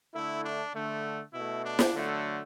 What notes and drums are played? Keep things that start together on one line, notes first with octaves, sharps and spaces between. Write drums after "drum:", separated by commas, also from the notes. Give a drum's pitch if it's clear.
D3 A3 E4
D4
D3 A3
B2 A3 E4
D4
drum: snare
D3 F#3 A3